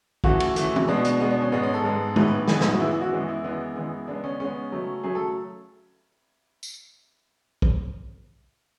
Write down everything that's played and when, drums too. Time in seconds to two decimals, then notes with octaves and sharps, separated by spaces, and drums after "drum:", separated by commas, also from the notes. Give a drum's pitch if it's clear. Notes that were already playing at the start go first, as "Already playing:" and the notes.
0.24 C#3 E3 A3 F#4, drum: kick
0.40 drum: cymbal
0.56 C#3 E3 A3, drum: hi-hat
0.76 drum: tom
0.88 B2 G#3 B3 D4
1.05 D4, drum: hi-hat
1.20 B2 G#3 B3
1.31 D4
1.42 C#4
1.52 G#2 G#3 B3
1.63 C#4
1.74 A4
1.84 G#2 G#3 B3
2.16 A2 E3 B3 B4, drum: tom G#3
2.27 B4
2.48 A2 E3 B3 G#4, drum: snare
2.61 drum: snare
2.72 F#4
2.80 F#2 E3 G#3 B3 E4
2.91 E4
3.01 F#4
3.12 F#2 E3 G#3 B3
3.28 E4
3.44 F#2 E3 G#3 B3
3.76 F#2 E3 G#3 B3
4.08 C#3 G#3 B3 D4
4.24 C#4
4.40 C#3 G#3 B3 C#4
4.72 C#3 F#3 A3
5.04 C#3 F#3 A3 G#4
5.15 A4
6.63 drum: tambourine
7.62 drum: kick